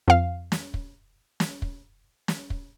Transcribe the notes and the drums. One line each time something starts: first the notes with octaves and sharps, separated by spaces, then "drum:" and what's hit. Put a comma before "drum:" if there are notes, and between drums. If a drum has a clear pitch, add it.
F2 F5
drum: snare
drum: kick
drum: snare
drum: kick
drum: snare
drum: kick